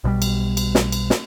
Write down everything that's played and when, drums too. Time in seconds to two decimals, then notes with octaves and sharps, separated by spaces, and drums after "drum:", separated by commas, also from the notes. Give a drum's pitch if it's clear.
0.04 B1 B2 D#3 G3
0.22 drum: cymbal
0.57 drum: cymbal
0.75 drum: snare
0.92 drum: cymbal
1.10 drum: snare